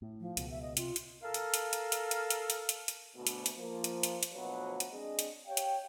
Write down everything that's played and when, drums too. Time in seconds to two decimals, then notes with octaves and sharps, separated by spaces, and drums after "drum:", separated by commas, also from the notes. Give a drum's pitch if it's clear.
0.02 A2
0.20 F3
0.37 C#2 B2, drum: hi-hat
0.50 E5
0.62 D#5
0.77 C3 F4, drum: hi-hat
0.96 drum: hi-hat
1.23 A4 A#4 F5
1.34 drum: hi-hat
1.54 drum: hi-hat
1.73 drum: hi-hat
1.92 drum: hi-hat
2.11 drum: hi-hat
2.30 drum: hi-hat
2.50 drum: hi-hat
2.69 drum: hi-hat
2.88 drum: hi-hat
3.15 D2 B2
3.27 drum: hi-hat
3.46 drum: hi-hat
3.56 F3 A#3
3.84 drum: hi-hat
4.03 drum: hi-hat
4.23 drum: hi-hat
4.33 D2 B2 F3 F#3 B4 F#5
4.80 drum: hi-hat
4.92 G#3 C4 D4 G#4 D#5
5.19 drum: hi-hat
5.46 G4 C#5 F5 G5
5.57 drum: hi-hat